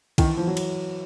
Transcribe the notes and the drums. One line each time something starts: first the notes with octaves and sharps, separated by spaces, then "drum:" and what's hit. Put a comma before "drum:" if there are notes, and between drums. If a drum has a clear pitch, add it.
D#3 E3, drum: kick, cymbal
E3 F3
F#3
drum: cymbal